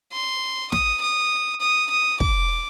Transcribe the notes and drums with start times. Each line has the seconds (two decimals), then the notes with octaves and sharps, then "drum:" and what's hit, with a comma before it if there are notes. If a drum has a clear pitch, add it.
0.13 C6
0.72 D#6, drum: snare
1.01 D#6
1.61 D#6
1.91 D#6
2.20 D6, drum: kick